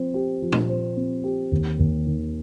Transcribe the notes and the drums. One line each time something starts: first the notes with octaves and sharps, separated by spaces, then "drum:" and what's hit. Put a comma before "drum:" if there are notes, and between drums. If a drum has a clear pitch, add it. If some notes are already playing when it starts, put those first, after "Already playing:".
Already playing: F3 C4 C5
G4
F3
drum: tom A#2
C5
C4
G4
D#2
D#2
D#3